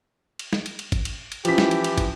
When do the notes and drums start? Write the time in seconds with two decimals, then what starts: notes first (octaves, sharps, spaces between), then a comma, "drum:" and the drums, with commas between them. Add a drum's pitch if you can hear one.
0.39 drum: cymbal
0.53 drum: snare
0.66 drum: cymbal
0.79 drum: cymbal
0.92 drum: kick, cymbal
1.05 drum: cymbal
1.32 drum: cymbal
1.45 E3 F3 C#4 E4 F4 G4 B6, drum: cymbal
1.58 drum: snare
1.71 drum: cymbal
1.84 drum: cymbal
1.98 drum: kick, cymbal